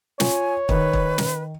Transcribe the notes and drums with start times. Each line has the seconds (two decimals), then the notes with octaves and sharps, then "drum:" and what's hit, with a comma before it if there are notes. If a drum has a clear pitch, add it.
0.20 F4 C#5 G#5, drum: snare
0.69 D#3 B4, drum: kick
0.93 drum: kick
1.18 drum: snare